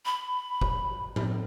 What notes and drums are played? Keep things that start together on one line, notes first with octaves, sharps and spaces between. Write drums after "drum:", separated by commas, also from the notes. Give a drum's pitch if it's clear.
B5
drum: kick F#1
drum: tom